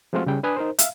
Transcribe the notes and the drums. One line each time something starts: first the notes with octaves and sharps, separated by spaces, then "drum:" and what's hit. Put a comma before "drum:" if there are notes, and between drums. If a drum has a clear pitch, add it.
F3 G#3 A3 C4 F4 F#4
C#3 G3 G5
D4 B4 G#5 D#6
D#4 A#4 C5
E5 F5, drum: hi-hat